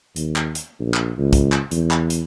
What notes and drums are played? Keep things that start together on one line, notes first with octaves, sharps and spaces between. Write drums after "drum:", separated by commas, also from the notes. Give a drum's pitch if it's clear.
D#2, drum: hi-hat
drum: clap
drum: hi-hat
A#1
drum: clap
C#2
drum: kick, hi-hat
drum: clap
E2, drum: hi-hat
drum: clap
drum: hi-hat